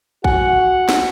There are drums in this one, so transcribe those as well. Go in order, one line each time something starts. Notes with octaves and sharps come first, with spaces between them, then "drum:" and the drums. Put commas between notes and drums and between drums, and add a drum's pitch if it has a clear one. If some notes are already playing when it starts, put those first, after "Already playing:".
F#4 F#5 G#5, drum: kick
drum: snare